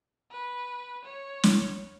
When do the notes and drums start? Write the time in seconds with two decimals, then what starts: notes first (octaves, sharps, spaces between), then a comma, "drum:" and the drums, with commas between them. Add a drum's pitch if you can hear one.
0.31 B4
1.04 C#5
1.43 drum: snare